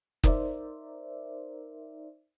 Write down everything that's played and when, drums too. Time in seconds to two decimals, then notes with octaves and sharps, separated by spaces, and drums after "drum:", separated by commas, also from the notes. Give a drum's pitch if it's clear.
0.24 D#4 A#4 C5 D5 E5, drum: kick